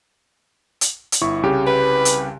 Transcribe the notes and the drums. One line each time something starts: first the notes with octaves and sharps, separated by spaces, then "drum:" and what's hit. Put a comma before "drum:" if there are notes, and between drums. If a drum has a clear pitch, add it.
drum: hi-hat
drum: hi-hat
G1 E4 C#6
C2 C#3 G4
B4
drum: hi-hat